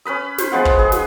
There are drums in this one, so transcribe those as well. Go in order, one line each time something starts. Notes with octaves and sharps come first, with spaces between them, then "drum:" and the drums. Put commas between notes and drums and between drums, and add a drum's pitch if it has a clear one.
C#4 B4 B5 D#6
B4 C5, drum: snare
F3 G#3 B3 F#5
drum: kick
G#4
drum: snare